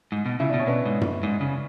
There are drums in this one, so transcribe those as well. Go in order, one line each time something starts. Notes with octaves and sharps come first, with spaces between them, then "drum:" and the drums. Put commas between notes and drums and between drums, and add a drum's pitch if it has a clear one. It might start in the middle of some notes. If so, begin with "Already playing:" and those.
G#2
B2
C#3 E4
D4
B2
C#4
B2 B3 D4
G#2
drum: tom F#2
G#2
C#3